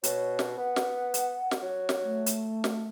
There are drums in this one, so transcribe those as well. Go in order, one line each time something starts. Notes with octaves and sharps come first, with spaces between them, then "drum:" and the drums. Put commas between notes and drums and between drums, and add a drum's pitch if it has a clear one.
B2 C#5, drum: hi-hat
drum: snare
B3 F#5
drum: snare
drum: hi-hat
drum: snare
F#3
drum: snare
A3
drum: hi-hat
drum: snare